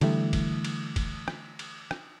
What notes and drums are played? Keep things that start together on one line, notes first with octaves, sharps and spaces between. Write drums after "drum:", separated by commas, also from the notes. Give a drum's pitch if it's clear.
D3 E3 G3 A3, drum: cymbal
drum: kick, cymbal
drum: cymbal
drum: kick, cymbal
drum: rim click
drum: cymbal
drum: rim click